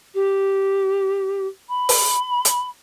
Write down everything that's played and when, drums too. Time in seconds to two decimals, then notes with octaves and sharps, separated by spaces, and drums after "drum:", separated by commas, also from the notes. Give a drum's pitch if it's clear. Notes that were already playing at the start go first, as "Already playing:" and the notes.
0.14 G4
1.69 B5
1.89 drum: open hi-hat
2.45 drum: hi-hat